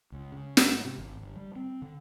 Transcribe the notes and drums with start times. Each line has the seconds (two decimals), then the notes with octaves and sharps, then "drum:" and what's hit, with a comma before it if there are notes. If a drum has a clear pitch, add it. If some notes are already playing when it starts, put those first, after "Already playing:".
0.12 C#2
0.32 C#3
0.57 G#2, drum: snare
0.83 C3
0.98 G#1
1.21 G1
1.36 G3
1.56 C4
1.82 D3